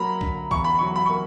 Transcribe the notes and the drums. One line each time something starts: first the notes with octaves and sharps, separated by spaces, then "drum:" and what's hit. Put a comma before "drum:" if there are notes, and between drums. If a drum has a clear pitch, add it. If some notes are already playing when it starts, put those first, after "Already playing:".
Already playing: F#3 A#3 A#5 B5
D3, drum: kick B1
E2 C#6, drum: kick B1
B5
F#3 C#6
B5
A#3 C#6